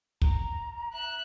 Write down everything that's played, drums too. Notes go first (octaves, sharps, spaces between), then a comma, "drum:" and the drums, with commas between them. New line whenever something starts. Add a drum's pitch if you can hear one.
A#5, drum: kick
E5 F#6